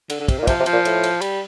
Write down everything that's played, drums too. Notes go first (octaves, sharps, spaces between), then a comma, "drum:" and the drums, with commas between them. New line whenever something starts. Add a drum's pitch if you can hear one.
D3, drum: cymbal
D3
C3, drum: kick, cymbal
A#2 D#3
C3 F3, drum: kick, cymbal
C3
F3, drum: cymbal
A#2
A2, drum: cymbal
drum: cymbal
G3, drum: cymbal